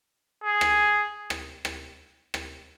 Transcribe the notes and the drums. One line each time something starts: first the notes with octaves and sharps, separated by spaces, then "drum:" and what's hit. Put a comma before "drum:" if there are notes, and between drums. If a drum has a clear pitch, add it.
G#4
drum: rim click
drum: rim click
drum: rim click
drum: rim click